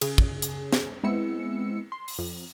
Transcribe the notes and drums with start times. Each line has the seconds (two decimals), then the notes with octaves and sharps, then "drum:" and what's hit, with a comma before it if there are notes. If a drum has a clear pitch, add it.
0.01 C#3 G#4, drum: cymbal
0.18 drum: kick
0.42 drum: hi-hat
0.72 drum: snare
1.04 G#3 B3 C4 E4 E6 C#7
1.92 C6
2.08 drum: open hi-hat
2.19 F2